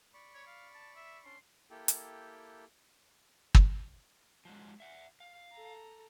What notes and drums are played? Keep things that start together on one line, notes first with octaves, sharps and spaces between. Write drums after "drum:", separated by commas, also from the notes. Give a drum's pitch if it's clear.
D5 B5 C#6
C#5
F5
A5
E5
C#4 D4 D5 C6
A#3 E4 G4 A4 G5
drum: hi-hat
drum: kick
F3 F#3 G#3
E5 F#5
F5
A4 A#5